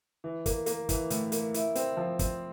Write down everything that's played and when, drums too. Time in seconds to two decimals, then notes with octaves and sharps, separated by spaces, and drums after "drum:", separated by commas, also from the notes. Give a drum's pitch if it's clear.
0.24 E3
0.46 A#3, drum: kick, hi-hat
0.66 A#3, drum: hi-hat
0.89 E3, drum: kick, hi-hat
1.10 A2, drum: hi-hat
1.32 A#3, drum: hi-hat
1.54 E4, drum: hi-hat
1.75 C4, drum: hi-hat
1.97 F3
2.19 C4, drum: kick, hi-hat